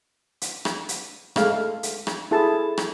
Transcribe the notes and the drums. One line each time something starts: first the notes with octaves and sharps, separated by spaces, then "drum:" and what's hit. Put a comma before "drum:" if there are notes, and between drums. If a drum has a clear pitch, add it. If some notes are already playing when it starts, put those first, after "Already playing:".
drum: hi-hat
drum: rim click
drum: hi-hat
G#3 A3 F5, drum: rim click
drum: hi-hat
drum: rim click
E4 G#4 A4 A5
drum: rim click